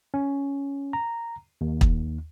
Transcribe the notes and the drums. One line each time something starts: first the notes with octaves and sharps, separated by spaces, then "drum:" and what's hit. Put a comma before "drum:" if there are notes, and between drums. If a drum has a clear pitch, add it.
C#4
A#5
D#2
drum: kick